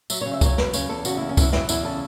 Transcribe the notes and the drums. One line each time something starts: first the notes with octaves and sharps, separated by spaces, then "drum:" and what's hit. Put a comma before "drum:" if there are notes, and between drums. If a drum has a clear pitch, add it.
F#3 E5, drum: tambourine
C#3 C#5
E5
F#3 C#5, drum: kick, tambourine
F#3 B4, drum: snare
C#3 C#5, drum: tambourine
E2 A4
C#3 F#4, drum: tambourine
E2 E4
C#4
F#3 E4, drum: kick, tambourine
F#3 E4, drum: snare
E2 E4, drum: tambourine
C#3 A4